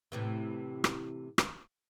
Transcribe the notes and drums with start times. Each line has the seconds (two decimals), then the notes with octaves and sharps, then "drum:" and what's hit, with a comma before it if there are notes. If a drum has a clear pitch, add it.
0.12 A2 C3 E3
0.84 drum: rim click
1.38 drum: rim click